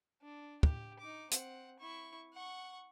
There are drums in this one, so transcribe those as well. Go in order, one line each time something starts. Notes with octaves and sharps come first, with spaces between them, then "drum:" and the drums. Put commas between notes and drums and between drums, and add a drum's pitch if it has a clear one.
D4
G4, drum: kick
D#4 D6
C4 F#5, drum: hi-hat
E4 C#6
F#5 C#6